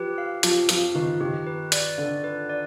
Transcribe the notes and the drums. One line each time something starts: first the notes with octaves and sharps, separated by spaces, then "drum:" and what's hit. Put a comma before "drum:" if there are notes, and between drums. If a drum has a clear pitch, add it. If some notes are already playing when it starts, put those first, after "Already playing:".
Already playing: F3 G4 B4
F5
F3 G4, drum: hi-hat
F3 F5, drum: hi-hat
D#3 B4
D#3 G4
B4
D5, drum: hi-hat
D3 D5
B4
D5